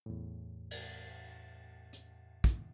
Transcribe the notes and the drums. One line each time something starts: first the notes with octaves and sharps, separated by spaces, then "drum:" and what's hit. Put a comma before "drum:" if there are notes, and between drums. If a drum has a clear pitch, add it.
E2 A2
drum: cymbal
drum: hi-hat
drum: kick